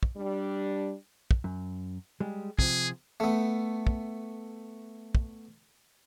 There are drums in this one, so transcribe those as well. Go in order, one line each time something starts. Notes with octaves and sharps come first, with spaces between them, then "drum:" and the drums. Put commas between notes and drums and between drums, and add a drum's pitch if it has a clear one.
drum: kick
G3 D4
drum: kick
F#2
G3 G#3
C3 F3 G#4, drum: kick
A3 B3
drum: kick
drum: kick